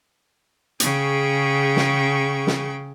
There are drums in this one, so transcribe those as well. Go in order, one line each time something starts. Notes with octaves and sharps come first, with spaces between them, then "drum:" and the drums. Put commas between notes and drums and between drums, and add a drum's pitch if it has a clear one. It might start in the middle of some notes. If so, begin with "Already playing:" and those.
C#3 G#4 G5 C#6, drum: hi-hat
drum: snare
drum: snare